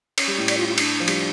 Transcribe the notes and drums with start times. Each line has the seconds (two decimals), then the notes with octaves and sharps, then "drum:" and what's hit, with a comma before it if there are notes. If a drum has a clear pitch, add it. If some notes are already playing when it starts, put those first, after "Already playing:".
0.18 C#4, drum: cymbal
0.28 G3
0.38 A2
0.48 D5, drum: cymbal
0.58 F4
0.68 F4
0.78 D4, drum: cymbal
1.00 F3
1.08 G3, drum: cymbal